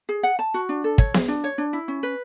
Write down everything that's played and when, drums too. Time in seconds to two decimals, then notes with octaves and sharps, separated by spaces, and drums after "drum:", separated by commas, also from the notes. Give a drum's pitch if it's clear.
0.09 G#4
0.23 F#5
0.39 A5
0.54 F#4
0.69 D4
0.84 A4
0.98 C#5, drum: kick
1.14 G#4, drum: snare B3
1.28 D4
1.44 C#5
1.58 D4
1.73 E4
1.88 C#4
2.03 B4